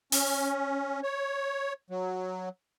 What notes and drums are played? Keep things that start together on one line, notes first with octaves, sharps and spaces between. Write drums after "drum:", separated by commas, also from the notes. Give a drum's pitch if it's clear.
C#4, drum: open hi-hat
C#5
F#3